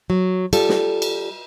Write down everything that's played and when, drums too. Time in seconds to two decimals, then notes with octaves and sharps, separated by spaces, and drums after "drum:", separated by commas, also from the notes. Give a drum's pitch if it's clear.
0.10 F#3
0.53 G3 F4 A4, drum: cymbal
0.69 drum: snare
1.02 drum: cymbal